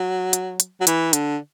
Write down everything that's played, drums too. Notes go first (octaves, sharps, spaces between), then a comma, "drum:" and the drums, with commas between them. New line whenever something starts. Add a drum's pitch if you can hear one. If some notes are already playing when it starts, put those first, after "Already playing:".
Already playing: F#3
drum: hi-hat
drum: hi-hat
F#3
E3, drum: hi-hat
D3, drum: hi-hat